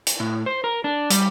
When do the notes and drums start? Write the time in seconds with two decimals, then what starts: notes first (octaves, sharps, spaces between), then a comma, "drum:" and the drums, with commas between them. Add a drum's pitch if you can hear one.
0.07 drum: hi-hat
0.20 A2
0.46 C5
0.64 A#4
0.84 D4
1.10 G3, drum: hi-hat